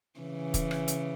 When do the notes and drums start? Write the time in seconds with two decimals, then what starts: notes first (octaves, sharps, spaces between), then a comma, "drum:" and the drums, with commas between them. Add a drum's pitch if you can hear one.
0.20 C#3 E3
0.54 drum: kick, hi-hat
0.71 drum: rim click
0.88 drum: hi-hat